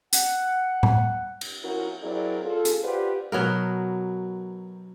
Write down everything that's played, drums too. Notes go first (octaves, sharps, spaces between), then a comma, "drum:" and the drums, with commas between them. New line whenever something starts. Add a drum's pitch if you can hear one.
F#5, drum: hi-hat
drum: tom A2
drum: cymbal
F3 C#4 E4 F#4 A#4
F#3 C4 E4 G#4 A#4 D5
F4 G#4 A4
drum: hi-hat
F4 G4 B4 C5 D5 F#5
B2 F#3 B3 A#4